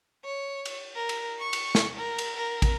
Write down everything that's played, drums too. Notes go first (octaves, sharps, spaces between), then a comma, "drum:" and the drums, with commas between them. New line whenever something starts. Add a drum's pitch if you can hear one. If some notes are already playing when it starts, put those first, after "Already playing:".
C#5
drum: cymbal
A#4
drum: cymbal
C#6
drum: cymbal
drum: snare
A#4
drum: cymbal
A#4
drum: kick, cymbal